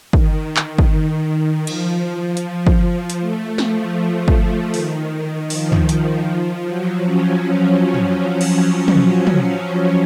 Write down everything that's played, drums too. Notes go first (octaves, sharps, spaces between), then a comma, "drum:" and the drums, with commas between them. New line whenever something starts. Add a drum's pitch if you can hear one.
D#3, drum: kick
drum: clap
drum: kick
F3, drum: cymbal
drum: hi-hat
drum: kick
drum: hi-hat
A3
F3, drum: snare A3
drum: kick
D#3, drum: open hi-hat
F3, drum: open hi-hat
drum: tom
D#3, drum: hi-hat
F3
F#3
C#4
C#4
drum: tom
drum: cymbal
drum: tom
drum: tom